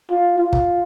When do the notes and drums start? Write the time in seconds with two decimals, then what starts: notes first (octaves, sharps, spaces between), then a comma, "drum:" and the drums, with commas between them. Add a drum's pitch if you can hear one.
0.11 F4
0.38 F4
0.53 drum: kick